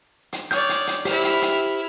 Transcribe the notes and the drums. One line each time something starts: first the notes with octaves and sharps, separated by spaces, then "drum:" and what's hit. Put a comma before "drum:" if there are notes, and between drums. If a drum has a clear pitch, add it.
drum: hi-hat
C#5 D5 D#6 F6 G6, drum: hi-hat
drum: hi-hat
drum: hi-hat
E4 G4 C5 F6, drum: hi-hat
drum: hi-hat
drum: hi-hat